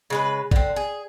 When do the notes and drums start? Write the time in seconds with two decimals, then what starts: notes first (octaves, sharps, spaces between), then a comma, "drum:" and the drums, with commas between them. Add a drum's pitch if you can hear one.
0.10 C#3 G#3 B4
0.51 D3 C4, drum: kick G#1
0.76 G#4